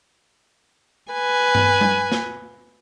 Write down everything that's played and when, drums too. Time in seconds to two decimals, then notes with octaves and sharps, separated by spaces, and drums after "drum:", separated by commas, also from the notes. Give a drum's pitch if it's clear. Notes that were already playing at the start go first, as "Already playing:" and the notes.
1.12 B4 G#5
1.55 drum: tom G2
1.81 drum: tom G3
2.12 drum: snare